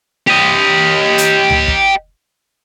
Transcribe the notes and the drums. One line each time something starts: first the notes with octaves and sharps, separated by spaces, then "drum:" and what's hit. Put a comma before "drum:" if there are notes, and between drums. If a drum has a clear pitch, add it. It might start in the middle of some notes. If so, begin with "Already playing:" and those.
G4 D#5
drum: hi-hat
drum: tom C#2
drum: kick